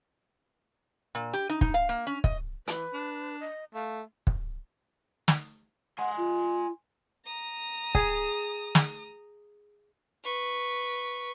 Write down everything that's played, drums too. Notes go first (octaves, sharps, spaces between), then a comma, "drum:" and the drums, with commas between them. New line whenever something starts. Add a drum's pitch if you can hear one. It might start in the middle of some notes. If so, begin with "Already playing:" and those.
A#2
G4
D#4
D#4, drum: kick
F5
A#3
C#4
D#5, drum: kick
E3 B4, drum: hi-hat
D4
D#5
A3 F5
drum: kick
drum: snare
F#5 G#5 C6
F4
A#5 D#6
G#4, drum: kick
drum: snare
B4 C#6